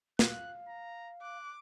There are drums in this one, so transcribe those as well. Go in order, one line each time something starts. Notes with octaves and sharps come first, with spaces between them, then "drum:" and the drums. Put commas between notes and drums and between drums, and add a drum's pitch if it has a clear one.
F5 F#6, drum: snare
A#5
D6 F#6